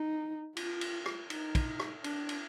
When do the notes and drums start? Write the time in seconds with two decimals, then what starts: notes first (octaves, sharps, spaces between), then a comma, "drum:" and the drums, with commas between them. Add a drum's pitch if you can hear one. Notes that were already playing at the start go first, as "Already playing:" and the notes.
Already playing: D#4
0.56 F4, drum: cymbal
0.81 drum: cymbal
1.06 drum: rim click
1.30 D#4, drum: cymbal
1.55 drum: kick, cymbal
1.80 drum: rim click
2.04 D4, drum: cymbal
2.29 drum: cymbal